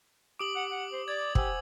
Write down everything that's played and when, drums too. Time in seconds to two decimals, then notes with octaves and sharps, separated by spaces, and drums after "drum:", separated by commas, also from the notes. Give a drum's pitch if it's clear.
0.39 G4 D6 D#6 D7 F#7
0.56 F#5
0.71 F#5
0.92 C5
1.08 D5 G#6
1.35 G4 C5 F#5 G#5 D#6 E6, drum: kick